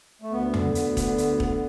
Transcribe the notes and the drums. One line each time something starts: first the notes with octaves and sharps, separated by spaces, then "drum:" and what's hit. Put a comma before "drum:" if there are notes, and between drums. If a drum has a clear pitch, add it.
A3
D2 B3
D3, drum: tom F2
D2, drum: hi-hat
D3, drum: kick E1, hi-hat
D2, drum: hi-hat
D3, drum: kick E1